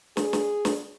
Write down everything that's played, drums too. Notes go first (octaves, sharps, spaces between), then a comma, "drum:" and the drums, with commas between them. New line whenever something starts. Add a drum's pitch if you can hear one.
G#4, drum: snare
drum: snare
drum: snare